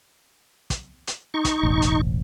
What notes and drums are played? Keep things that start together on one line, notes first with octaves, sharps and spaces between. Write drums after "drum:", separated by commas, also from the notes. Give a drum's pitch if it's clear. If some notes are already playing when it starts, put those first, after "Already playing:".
drum: kick, hi-hat
drum: hi-hat
D#4 C#6
drum: kick, hi-hat
E1 A1
drum: hi-hat